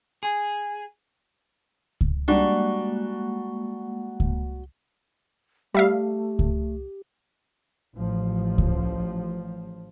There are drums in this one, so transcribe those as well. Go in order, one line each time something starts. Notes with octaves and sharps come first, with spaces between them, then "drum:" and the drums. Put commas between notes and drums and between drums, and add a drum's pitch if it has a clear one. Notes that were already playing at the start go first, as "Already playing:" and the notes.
G#4
drum: kick C#2
G3 G#3 A#3 D4 F#4
drum: kick C#2
G3 A3 G4 E5 F5
drum: kick C#2
A1 F3
drum: kick C#2